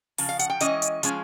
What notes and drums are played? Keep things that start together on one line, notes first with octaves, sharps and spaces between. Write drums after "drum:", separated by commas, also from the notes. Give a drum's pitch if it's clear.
C#3 F3, drum: open hi-hat
F5
F#5, drum: hi-hat
G5
E3 G#3 C#4 D#5, drum: hi-hat
drum: hi-hat
F3 G#3 C#4, drum: hi-hat